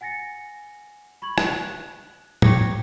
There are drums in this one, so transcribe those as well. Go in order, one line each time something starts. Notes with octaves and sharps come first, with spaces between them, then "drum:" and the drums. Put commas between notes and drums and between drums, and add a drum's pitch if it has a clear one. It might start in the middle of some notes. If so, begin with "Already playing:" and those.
F#5 G#5 A6 A#6 C#7
B5 C#6 G#6 F#7
F#6, drum: rim click
G5 C#6 D6 G#6 A#6 C#7, drum: tom